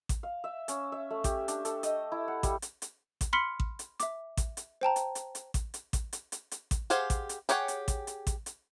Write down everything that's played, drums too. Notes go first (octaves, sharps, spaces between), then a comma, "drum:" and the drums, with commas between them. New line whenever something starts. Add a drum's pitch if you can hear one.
drum: kick A1, hi-hat
F5
E5
C#4, drum: hi-hat
E5
A3
G4, drum: kick A1, hi-hat
D4, drum: hi-hat
A4, drum: hi-hat
D#5, drum: hi-hat
E4
F#5
G3, drum: kick A1, hi-hat
drum: hi-hat
drum: hi-hat
drum: kick A1, hi-hat
B5 C6 F6 B6 C#7
drum: kick A1
drum: hi-hat
E5 D6, drum: hi-hat
drum: kick A1, hi-hat
drum: hi-hat
C5 G5 A5 A#5
drum: hi-hat
drum: hi-hat
drum: hi-hat
drum: kick A1, hi-hat
drum: hi-hat
drum: kick A1, hi-hat
drum: hi-hat
drum: hi-hat
drum: hi-hat
drum: kick A1, hi-hat
G4 G#4 C5 F5 F#5, drum: hi-hat
drum: kick A1, hi-hat
drum: hi-hat
G4 G#4 C#5 F#5 G5, drum: hi-hat
drum: hi-hat
drum: kick A1, hi-hat
drum: hi-hat
drum: kick A1, hi-hat
drum: hi-hat